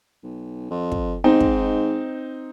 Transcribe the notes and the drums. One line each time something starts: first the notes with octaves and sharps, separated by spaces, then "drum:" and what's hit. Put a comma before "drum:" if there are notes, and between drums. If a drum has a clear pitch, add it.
B1
F2
drum: kick
G#2 C4 D#4
drum: kick